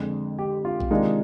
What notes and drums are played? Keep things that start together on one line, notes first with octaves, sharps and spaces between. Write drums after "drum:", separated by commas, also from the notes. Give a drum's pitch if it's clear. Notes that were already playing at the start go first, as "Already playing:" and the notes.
Already playing: F2 D3 G#3 C4
G4
F4
drum: kick A#1
C3 D#3 G#3 D4 D#4 F4